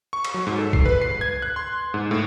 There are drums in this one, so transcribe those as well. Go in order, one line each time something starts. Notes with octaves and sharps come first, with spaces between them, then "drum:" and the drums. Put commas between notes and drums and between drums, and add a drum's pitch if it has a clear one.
C#6
drum: cymbal
F#3
G#2
A4
C7, drum: kick
B4
C7
G#6
F#6
C6
G#2
A2